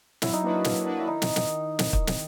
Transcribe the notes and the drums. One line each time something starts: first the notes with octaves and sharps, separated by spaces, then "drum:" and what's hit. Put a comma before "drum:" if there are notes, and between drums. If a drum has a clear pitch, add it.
F#3 E4, drum: snare
D#4
A#3 D4 E4 F#4 B4
F#3, drum: snare
A#3 D4 F#4 B4
E4
D#3 D#4
drum: snare
drum: snare
drum: snare
drum: kick
drum: snare